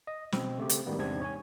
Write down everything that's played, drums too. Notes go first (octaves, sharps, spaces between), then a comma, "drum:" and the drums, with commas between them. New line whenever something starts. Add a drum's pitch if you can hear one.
D#5
B2 C4, drum: snare
C#3 A3 C4 G4
drum: hi-hat
G#2 D3 D#3 G3 A3 B3
E2 G#2 C3 C4 D4 G#6
C#5 G#5